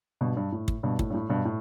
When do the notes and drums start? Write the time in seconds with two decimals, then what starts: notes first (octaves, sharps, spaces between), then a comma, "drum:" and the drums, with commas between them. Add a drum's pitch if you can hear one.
0.21 G2 B2
0.37 G2
0.52 A2
0.68 drum: kick
0.83 G2 B2
0.99 A2, drum: kick
1.10 G2
1.14 A2
1.29 G2 B2
1.45 A2